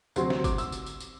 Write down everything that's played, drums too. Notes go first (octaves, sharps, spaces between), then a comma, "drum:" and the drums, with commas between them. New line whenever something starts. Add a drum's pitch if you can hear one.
D2 C3 F#3 C4 C6, drum: tambourine
C6, drum: snare
D6, drum: kick, tambourine
E6, drum: tambourine
drum: tambourine
drum: tambourine
drum: tambourine